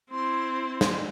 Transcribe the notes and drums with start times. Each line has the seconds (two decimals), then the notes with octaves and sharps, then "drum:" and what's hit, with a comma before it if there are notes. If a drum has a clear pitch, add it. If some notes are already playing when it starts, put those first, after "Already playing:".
0.11 C4 E4 C6
0.81 drum: snare